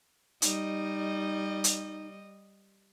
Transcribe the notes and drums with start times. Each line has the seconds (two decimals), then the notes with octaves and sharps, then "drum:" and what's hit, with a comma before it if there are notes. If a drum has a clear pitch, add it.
0.42 G3 D#4 D#5, drum: hi-hat
1.64 drum: hi-hat